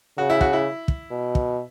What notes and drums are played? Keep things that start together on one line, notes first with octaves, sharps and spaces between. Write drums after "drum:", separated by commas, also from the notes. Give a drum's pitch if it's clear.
C#3 F#4
E4
F#4, drum: kick
E4
drum: kick
B2
drum: kick